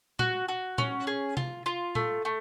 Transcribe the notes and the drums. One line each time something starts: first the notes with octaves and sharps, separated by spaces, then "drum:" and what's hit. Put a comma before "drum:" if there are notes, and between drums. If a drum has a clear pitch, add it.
F#4, drum: tom
F#4
C#4, drum: tom
G#4
F4, drum: tom C3
F4
A3, drum: tom
A3